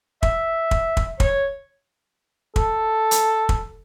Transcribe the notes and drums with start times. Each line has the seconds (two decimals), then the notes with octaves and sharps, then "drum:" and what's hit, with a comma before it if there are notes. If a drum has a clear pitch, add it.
0.23 E5, drum: kick
0.71 drum: kick
0.97 drum: kick
1.20 C#5, drum: kick
2.56 A4, drum: kick
3.11 drum: hi-hat
3.49 drum: kick